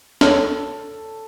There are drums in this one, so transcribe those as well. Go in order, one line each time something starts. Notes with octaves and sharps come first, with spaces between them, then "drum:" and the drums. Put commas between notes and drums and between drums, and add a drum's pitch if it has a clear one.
A4 C#5, drum: snare